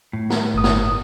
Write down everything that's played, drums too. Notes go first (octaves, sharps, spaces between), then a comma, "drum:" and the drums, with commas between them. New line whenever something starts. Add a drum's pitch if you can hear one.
A2
drum: snare
G1 D#6
drum: snare